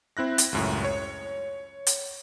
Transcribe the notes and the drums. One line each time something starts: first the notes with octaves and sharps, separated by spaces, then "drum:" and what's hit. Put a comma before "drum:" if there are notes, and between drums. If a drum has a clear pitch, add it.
C4 E4 F#6 A#6
drum: hi-hat
C#2 F#2 A2
C#5
drum: hi-hat